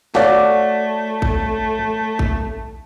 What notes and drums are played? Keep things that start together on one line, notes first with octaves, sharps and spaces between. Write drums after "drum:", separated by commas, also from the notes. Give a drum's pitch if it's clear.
A3 F#4 C#5 D5 F5, drum: snare
drum: kick A1
drum: kick A1